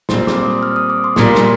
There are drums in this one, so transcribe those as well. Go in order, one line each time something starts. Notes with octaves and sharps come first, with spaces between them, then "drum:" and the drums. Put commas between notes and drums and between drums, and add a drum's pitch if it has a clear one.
A#2 G3 C4 F4 C6, drum: snare
D6, drum: snare
D#6
F6
D#6
D6
C6
A#2 G3 A#3 C6, drum: snare
drum: snare